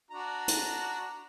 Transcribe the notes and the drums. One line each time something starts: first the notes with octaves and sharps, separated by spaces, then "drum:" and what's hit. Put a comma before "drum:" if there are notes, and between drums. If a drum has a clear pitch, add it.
D4 F#4 A#5
drum: hi-hat